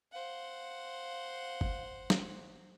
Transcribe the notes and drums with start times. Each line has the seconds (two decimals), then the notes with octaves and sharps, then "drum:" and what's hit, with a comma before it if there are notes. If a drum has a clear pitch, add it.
0.12 C5 F5 F#5
1.61 drum: kick
2.10 drum: snare